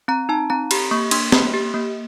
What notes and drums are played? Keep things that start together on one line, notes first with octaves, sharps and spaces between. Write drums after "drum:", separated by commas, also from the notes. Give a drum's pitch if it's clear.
C4 A#5
D#4 A5
C4 A#5
G4 B5, drum: cymbal
A#3 C#6
D4 C6, drum: cymbal
A#3 B5, drum: snare
G4
A#3